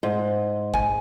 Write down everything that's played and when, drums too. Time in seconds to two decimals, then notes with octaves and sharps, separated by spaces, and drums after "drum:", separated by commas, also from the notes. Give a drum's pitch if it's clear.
0.03 G#2
0.74 G#5, drum: kick G1